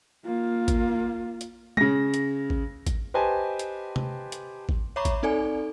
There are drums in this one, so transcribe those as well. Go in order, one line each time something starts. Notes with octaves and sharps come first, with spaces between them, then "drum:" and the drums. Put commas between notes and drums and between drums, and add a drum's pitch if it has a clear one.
A#3 F4
drum: kick A1, hi-hat
drum: hi-hat
C#3 A#6, drum: tom G#3
drum: hi-hat
drum: kick A1
drum: kick A1, hi-hat
G4 B4 C5 D#5 G#5 A5
drum: hi-hat
drum: tom C3
drum: hi-hat
drum: kick A1
C#5 E5 A#5 B5 C#6 D6
drum: kick A1, hi-hat
C4 D#4 A4 D5 G#5